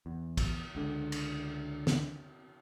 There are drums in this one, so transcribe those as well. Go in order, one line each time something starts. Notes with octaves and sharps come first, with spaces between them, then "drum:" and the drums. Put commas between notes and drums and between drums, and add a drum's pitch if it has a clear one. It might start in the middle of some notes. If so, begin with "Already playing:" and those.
E2
drum: kick A#1, cymbal
C#2 D3
drum: cymbal
drum: snare